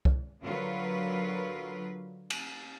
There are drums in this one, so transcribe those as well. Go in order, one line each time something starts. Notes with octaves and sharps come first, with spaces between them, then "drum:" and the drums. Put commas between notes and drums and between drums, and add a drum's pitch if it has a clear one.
drum: kick
D3 F#3 F4 A#4 B4
drum: cymbal